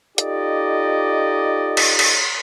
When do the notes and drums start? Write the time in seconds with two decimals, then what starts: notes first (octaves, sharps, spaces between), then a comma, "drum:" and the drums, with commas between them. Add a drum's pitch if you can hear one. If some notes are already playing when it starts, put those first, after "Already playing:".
0.18 D#4 F4 G4 A4 D5 D#5, drum: hi-hat
1.77 drum: cymbal
1.99 drum: cymbal